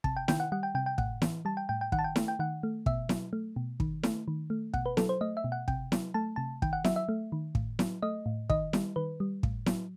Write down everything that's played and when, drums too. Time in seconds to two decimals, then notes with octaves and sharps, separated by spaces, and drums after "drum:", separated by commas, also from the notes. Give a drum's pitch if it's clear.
0.04 C3 A5, drum: kick
0.17 G5
0.28 D#3 G5, drum: snare E4
0.40 F#5
0.52 G3 F#5
0.63 G5
0.75 C3 G5
0.86 G5
0.98 A2 F#5, drum: kick
1.22 E3, drum: snare E4
1.45 G3 A5
1.57 G5
1.69 A2 G5
1.81 G5
1.92 D#3 F#5, drum: kick
1.99 A5
2.04 G5
2.16 A3, drum: snare E4
2.28 G5
2.39 D#3 F#5
2.63 A3
2.86 B2 E5, drum: kick
3.09 F#3, drum: snare E4
3.33 A3
3.56 B2
3.80 D#3, drum: kick
4.03 A3, drum: snare E4
4.28 D#3
4.50 A3
4.74 B2 F#5, drum: kick
4.86 B4
4.97 F#3 A4, drum: snare E4
5.09 C5
5.21 A3 D#5
5.37 E5
5.44 B2
5.52 F#5
5.68 C3 G5, drum: kick
5.92 F#3, drum: snare E4
6.14 A3 A5
6.36 C3 A5
6.62 D#3 G5, drum: kick
6.73 F#5
6.84 F#3 E5, drum: snare E4
6.96 E5
7.09 A3
7.32 D#3
7.55 A2, drum: kick
7.79 F#3, drum: snare E4
8.02 A3 D#5
8.26 A2
8.50 D#3 D#5, drum: kick
8.73 G3, drum: snare E4
8.96 D#3 B4
9.20 G3
9.43 A2, drum: kick
9.66 F#3, drum: snare E4